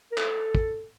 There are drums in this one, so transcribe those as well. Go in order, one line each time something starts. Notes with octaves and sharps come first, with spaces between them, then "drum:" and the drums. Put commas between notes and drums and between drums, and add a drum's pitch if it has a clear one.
A#4
A4, drum: clap
drum: kick